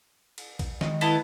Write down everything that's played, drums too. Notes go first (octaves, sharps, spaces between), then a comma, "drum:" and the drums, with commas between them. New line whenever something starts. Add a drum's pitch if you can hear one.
drum: cymbal
drum: kick B1, cymbal
D#3 G#3 D#5, drum: snare
B3 E4 A4, drum: cymbal